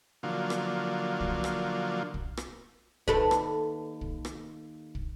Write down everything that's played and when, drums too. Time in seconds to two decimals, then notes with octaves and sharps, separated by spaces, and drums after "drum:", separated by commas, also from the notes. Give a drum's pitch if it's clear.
0.23 D3 F3 F#3 A#3 F4
0.50 drum: rim click
1.20 drum: kick
1.44 drum: rim click
2.14 drum: kick
2.37 drum: rim click
3.08 D#2 A4 B4, drum: kick
3.31 drum: rim click
4.01 drum: kick
4.25 drum: rim click
4.95 drum: kick